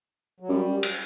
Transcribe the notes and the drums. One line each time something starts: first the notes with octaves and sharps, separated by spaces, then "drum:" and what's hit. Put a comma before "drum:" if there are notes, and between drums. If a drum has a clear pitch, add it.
F#3
F#2 G3
drum: cymbal